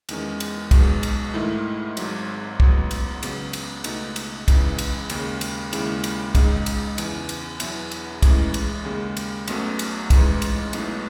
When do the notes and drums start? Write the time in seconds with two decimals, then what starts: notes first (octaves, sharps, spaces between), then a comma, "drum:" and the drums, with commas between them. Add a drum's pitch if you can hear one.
0.09 E2 D#3 G#3 C#4, drum: cymbal
0.40 drum: cymbal
0.71 B1 B2 G#3 D#4, drum: kick, cymbal
1.03 drum: cymbal
1.34 G#2 D#3 A3 E4
1.97 G#1 G#2 F#3, drum: cymbal
2.60 A1 G#2 F#3 B3, drum: kick
2.91 drum: cymbal
3.23 C#2 C#3 F#3 B3, drum: cymbal
3.53 drum: cymbal
3.84 C#2 B2 A3 D#4, drum: cymbal
4.16 drum: cymbal
4.48 C#2 C#3 E3 G#3, drum: kick, cymbal
4.79 drum: cymbal
5.10 D#2 C#3 G#3, drum: cymbal
5.41 drum: cymbal
5.73 D#2 C#3 G#3 C#4 E4, drum: cymbal
6.04 drum: cymbal
6.35 C#2 C#3 G#3 D#4, drum: kick, cymbal
6.66 drum: cymbal
6.98 E2 C#3 E3, drum: cymbal
7.29 drum: cymbal
7.60 E2 B2 F#3 B3 E4, drum: cymbal
7.91 drum: cymbal
8.22 A1 A2 E3 G#3 C#4, drum: kick, cymbal
8.54 drum: cymbal
8.85 D#2 C#3 G#3
9.17 drum: cymbal
9.48 B1 B2 F#3 A3 C#4, drum: cymbal
9.79 drum: cymbal
10.10 A1 G#2 E3 G#3 C#4, drum: kick, cymbal
10.42 drum: cymbal
10.73 B1 A2 G#3 B3 D#4, drum: cymbal